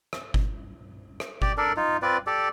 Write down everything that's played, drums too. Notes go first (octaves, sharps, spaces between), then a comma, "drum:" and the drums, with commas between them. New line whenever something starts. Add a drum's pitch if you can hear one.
drum: rim click
drum: kick G1
drum: rim click
G4 D5, drum: kick G1
D4 A4 A#4 D5
D#4 F4
C4 F4 B4 D5
G4 A4 D5